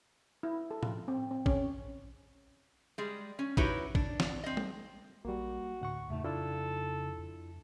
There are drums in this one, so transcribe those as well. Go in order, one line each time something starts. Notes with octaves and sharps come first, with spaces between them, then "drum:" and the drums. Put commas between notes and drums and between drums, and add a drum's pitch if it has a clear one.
E4
A4
F4, drum: tom A2
C4
C4
C#4, drum: kick
G3 G#3
C#4
D#4 E4 F#4 G4 B4 C#5, drum: kick
D4, drum: kick
drum: snare
C4 D#5
drum: tom G3
A#1 G3 A#3 F#4
D2 A2 F#5 C#6
E2 C#3 A3 D#4
F2 D4 E4 F4 A4
F2